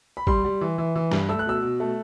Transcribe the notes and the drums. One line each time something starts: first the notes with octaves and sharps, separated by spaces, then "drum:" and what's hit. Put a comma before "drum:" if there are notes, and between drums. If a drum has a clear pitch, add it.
B5
G3 C6, drum: kick
G3
E3
E3
E3
G2, drum: snare
A3 E6
F#6
B2 E6
B2
A3